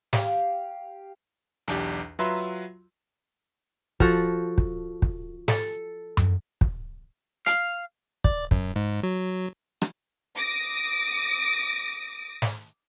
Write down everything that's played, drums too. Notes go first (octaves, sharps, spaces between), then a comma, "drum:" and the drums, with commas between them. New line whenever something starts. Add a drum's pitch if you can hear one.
G4 F5, drum: snare
B1 E2 D4 G4, drum: hi-hat
F#3 F4 B4 E5 A#5 C6
F3 F#4 A4, drum: kick
drum: kick
drum: kick
A4, drum: snare
drum: tom F#2
drum: kick
F5, drum: hi-hat
D5, drum: kick
F#2, drum: kick
G#2
F#3
drum: rim click
D6 D#6 A#6 D7
drum: snare